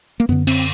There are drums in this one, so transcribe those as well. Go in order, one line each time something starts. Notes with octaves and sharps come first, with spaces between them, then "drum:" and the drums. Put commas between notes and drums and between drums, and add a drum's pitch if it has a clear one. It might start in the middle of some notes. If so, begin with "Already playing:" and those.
A#3
F#2 D3 B3
C4, drum: cymbal